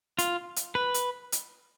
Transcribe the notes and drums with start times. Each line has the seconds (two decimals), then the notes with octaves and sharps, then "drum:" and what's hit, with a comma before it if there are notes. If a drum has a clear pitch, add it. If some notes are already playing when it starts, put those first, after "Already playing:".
0.19 F4, drum: hi-hat
0.56 drum: hi-hat
0.75 B4
0.94 drum: hi-hat
1.32 drum: hi-hat